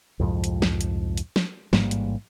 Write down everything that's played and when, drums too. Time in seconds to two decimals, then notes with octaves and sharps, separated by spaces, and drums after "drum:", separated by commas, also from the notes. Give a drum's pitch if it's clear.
0.19 C2 F2 G#2 F3
0.44 drum: hi-hat
0.62 drum: snare
0.81 drum: hi-hat
1.17 drum: hi-hat
1.36 drum: snare
1.73 A1 G#2 G3 A#3, drum: snare
1.91 drum: hi-hat